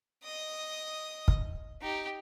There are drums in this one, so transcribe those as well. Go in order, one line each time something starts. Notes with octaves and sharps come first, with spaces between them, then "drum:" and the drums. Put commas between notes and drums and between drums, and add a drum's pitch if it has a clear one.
D#5 D#6
drum: kick
D#4 G4